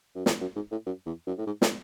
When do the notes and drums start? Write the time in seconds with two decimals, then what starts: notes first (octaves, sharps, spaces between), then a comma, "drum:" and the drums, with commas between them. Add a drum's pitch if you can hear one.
0.16 F#2
0.26 E2, drum: snare
0.41 F#2
0.56 G#2
0.72 A2
0.86 F#2
1.06 E2
1.27 F#2
1.38 A2
1.47 G#2
1.62 A2, drum: snare